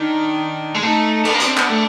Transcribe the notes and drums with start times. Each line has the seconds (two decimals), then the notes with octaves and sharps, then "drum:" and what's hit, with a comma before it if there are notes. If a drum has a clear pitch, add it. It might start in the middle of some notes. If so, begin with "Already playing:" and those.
Already playing: D#3 D4
0.75 G#3
0.83 A3 D#4
1.25 A3, drum: cymbal
1.33 A#3 D4
1.40 B3, drum: hi-hat
1.45 C4
1.57 B3, drum: clap
1.70 A3